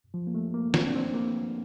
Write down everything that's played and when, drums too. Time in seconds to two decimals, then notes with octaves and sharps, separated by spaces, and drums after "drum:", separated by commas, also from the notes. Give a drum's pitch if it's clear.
0.14 F3
0.27 A#3
0.35 A3
0.54 A#3
0.74 C4, drum: snare
0.85 D4
0.96 C4
1.14 A#3